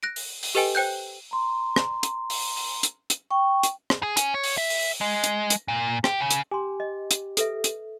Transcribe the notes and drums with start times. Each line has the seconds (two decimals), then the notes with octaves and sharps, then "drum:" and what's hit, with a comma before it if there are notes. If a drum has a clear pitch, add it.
0.03 F#6 A#6 D7
0.16 drum: open hi-hat
0.43 drum: open hi-hat
0.55 G4 A4 B4 D#5 G5 G#5
0.75 C5 G5 F#6 G6
1.31 A#5 C6
1.76 drum: rim click
2.03 drum: hi-hat
2.30 drum: open hi-hat
2.57 drum: open hi-hat
2.83 drum: hi-hat
3.10 drum: hi-hat
3.31 G5 C#6
3.63 drum: hi-hat
3.90 drum: rim click
4.03 G#4
4.17 C#4, drum: hi-hat
4.34 C#5
4.44 drum: open hi-hat
4.58 E5
4.70 drum: open hi-hat
5.01 G#3
5.24 drum: hi-hat
5.50 drum: hi-hat
5.68 A#2
6.04 G4, drum: rim click
6.20 C#3
6.31 drum: hi-hat
6.51 G4 G#5 C6
6.80 D#5
7.11 drum: hi-hat
7.37 A4 B4 E5, drum: hi-hat
7.64 drum: hi-hat